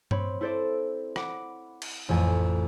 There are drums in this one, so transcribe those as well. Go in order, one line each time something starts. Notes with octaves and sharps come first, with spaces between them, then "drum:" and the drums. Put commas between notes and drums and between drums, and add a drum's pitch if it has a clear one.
C4 C#5 B5, drum: tom G2
E4 A4 C5 D5 E5
F#5 B5 D6, drum: rim click
drum: cymbal
A1 F2 G#5